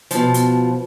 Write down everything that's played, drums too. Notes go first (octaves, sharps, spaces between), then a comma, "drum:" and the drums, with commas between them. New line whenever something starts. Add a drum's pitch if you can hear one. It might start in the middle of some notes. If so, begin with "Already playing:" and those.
B2 F3, drum: hi-hat
drum: hi-hat